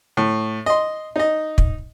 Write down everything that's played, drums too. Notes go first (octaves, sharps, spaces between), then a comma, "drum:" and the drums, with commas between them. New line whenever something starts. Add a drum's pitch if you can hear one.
A2
D#5 C6
D#4 D#5
drum: kick